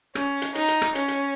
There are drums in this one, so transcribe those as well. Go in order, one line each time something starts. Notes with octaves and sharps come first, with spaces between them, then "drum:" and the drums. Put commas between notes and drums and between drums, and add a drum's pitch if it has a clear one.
C#4, drum: rim click
drum: hi-hat
D#4, drum: hi-hat
drum: hi-hat
drum: rim click
C#4, drum: hi-hat
drum: hi-hat